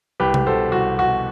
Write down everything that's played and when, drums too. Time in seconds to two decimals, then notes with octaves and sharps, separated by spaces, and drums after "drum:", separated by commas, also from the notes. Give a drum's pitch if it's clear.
0.20 C2 G4 B4
0.34 drum: tom C3
0.46 B2 A4 C5
0.72 C2 F#4
0.99 B2 F#4